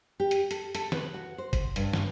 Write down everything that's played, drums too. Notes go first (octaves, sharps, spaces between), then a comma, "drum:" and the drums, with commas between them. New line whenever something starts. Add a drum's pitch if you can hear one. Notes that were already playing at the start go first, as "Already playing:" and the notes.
G4
drum: hi-hat
A4, drum: hi-hat
A4, drum: hi-hat
B4, drum: snare
F#4
C5
drum: kick F#1, hi-hat
G2, drum: hi-hat
drum: snare